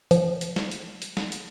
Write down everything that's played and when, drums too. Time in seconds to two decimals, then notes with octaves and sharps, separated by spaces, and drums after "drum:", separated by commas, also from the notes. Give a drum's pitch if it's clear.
0.11 F3, drum: hi-hat
0.41 drum: hi-hat
0.56 drum: snare
0.71 drum: hi-hat
1.02 drum: hi-hat
1.17 drum: snare
1.32 drum: hi-hat